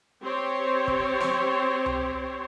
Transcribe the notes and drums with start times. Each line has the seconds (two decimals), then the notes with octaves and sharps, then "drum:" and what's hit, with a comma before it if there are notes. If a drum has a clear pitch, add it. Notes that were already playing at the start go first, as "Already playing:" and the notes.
0.22 C4 G4 C5 C#5
0.88 drum: kick
1.20 drum: snare
1.86 drum: tom C2